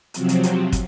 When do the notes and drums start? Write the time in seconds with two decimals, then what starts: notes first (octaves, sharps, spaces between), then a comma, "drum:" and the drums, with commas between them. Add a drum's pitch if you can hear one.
0.14 C3 F3 F#3 C4, drum: hi-hat
0.29 drum: hi-hat
0.43 drum: hi-hat
0.72 drum: kick, hi-hat